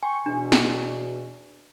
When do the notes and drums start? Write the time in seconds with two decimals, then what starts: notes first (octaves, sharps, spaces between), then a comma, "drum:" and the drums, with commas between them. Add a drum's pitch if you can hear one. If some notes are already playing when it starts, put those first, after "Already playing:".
0.03 G5 G#5 C6 C#6
0.26 E2 B2 D4
0.52 drum: snare